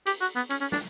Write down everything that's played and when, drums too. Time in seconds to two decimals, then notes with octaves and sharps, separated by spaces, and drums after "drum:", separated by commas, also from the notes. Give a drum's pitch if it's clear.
0.06 G4, drum: cymbal
0.21 F#4
0.36 B3
0.50 C#4, drum: cymbal
0.61 C#4
0.72 D4, drum: snare